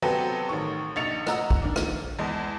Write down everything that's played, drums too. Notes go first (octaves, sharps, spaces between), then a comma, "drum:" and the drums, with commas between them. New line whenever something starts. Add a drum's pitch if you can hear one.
F#3 B3 C4 G4 A4 B4
A1 D#3 C#6
A#1 D#4 A6 C#7 F7
D#5 F#5 A#5 E6, drum: rim click
drum: kick
D#3 D4
drum: rim click
E2 G#3 A5